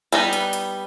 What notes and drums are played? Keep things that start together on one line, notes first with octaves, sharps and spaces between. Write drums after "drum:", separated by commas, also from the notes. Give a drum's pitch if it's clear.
G3 B3 D#4, drum: hi-hat
drum: hi-hat
drum: hi-hat